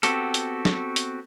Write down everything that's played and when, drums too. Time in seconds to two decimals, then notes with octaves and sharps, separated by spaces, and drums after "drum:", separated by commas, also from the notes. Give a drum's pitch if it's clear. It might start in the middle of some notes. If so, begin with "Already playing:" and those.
0.03 B3 C4 F#4 G4 A4, drum: hi-hat
0.34 drum: hi-hat
0.65 drum: snare
0.96 drum: hi-hat